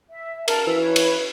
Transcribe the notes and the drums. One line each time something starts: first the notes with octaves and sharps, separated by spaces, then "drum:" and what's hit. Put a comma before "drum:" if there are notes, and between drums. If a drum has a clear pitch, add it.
E5
A#4 A5 F6, drum: cymbal
E3 E5 E6
B4 C#5
drum: cymbal